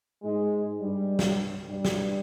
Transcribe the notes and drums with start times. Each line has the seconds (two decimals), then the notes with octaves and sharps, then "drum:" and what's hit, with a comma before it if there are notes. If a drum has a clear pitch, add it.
0.22 G#2 G#3
0.81 G2 G3
1.19 drum: snare
1.69 G2 G3
1.85 drum: snare